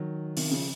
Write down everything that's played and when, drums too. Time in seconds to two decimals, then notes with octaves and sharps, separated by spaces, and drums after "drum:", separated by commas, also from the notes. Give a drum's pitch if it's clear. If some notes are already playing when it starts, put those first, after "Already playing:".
Already playing: D#3 F#3
0.36 C3 D#3, drum: open hi-hat
0.51 C#3 F3